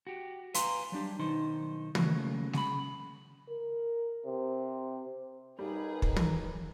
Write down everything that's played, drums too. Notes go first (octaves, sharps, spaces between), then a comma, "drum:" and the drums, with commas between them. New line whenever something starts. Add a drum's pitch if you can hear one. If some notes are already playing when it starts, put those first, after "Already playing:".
F#4 G4
B4 F5 G#5 A#5 C6, drum: hi-hat
F#3 G3 D4 G4
B1 D#3 D#4 C5
C#3 F#3 A3 A#3, drum: tom
C#3 B5, drum: snare G#3
A#4
C3
B1 B2 G3 D#4 G#4 A#4 B4
drum: kick
drum: tom